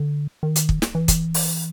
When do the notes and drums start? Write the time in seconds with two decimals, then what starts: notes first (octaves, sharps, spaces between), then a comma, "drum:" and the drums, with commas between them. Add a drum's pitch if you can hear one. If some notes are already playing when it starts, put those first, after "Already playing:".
Already playing: D3
0.43 D#3
0.56 drum: hi-hat
0.69 drum: kick
0.82 drum: snare
0.95 E3
1.08 drum: kick, hi-hat
1.34 drum: open hi-hat